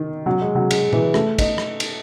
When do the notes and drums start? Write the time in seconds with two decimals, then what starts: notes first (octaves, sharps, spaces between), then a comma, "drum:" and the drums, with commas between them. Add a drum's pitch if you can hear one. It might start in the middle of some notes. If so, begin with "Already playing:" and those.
Already playing: D#3
0.26 F#3
0.41 G#3
0.55 F#3
0.71 G#3, drum: cymbal
0.93 E3, drum: tom A#2
1.14 A3, drum: rim click
1.39 D#4, drum: kick, cymbal
1.58 drum: rim click
1.80 drum: cymbal